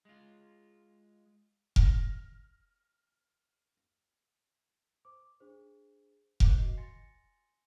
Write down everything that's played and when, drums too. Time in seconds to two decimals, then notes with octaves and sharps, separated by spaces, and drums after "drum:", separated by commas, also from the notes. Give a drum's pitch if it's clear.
0.05 G#3 F4
1.76 F6 A#6, drum: kick F1
5.05 C5 D6
5.40 D4 G#4 C5
6.40 A#4 C5 F5 D6 F#6 G6, drum: kick F1
6.56 F#4 D#5 C7
6.77 G#5 C6 A6 A#6 C#7